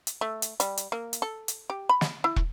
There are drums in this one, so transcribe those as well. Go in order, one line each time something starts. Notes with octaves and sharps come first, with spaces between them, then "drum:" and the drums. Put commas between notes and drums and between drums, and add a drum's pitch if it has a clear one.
drum: hi-hat
A3
drum: hi-hat
G3, drum: hi-hat
drum: hi-hat
A#3
drum: hi-hat
A4
drum: hi-hat
G4
B5
drum: snare
E4
drum: kick